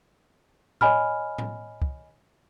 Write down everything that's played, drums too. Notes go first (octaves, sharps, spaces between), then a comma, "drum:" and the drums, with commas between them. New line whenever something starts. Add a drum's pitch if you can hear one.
C#5 D#5 G#5 B5 F6, drum: tom A2
drum: tom A2
drum: kick